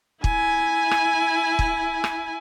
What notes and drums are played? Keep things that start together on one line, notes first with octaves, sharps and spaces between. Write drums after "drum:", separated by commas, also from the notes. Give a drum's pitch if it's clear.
E4 G#5, drum: kick
drum: rim click
drum: kick
drum: rim click